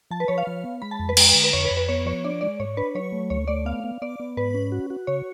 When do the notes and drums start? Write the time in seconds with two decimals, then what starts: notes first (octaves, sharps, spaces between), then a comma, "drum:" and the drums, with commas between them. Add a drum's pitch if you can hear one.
0.11 F3 A5
0.20 B4
0.28 F3 C#5
0.38 F5
0.47 F3
0.64 B3
0.82 G#3 B5
0.91 A5
0.99 F2
1.09 B4
1.17 G#3, drum: cymbal
1.35 D3
1.44 B4
1.53 F2 C#5
1.65 B4
1.71 F2
1.77 B4
1.88 B3 C#5
2.05 F3 C#5
2.24 D4 D5
2.41 G#3 D5
2.59 G#2 C#5
2.77 D4 B4
2.95 F#3 C#5
3.12 A3
3.30 D2 C#5
3.48 A3 D5
3.65 B3 F5
3.84 B3
4.02 B3 D5
4.19 B3
4.37 G#2 B4
4.54 C#4
4.72 F#4
4.90 F#4
5.07 C#3 C#5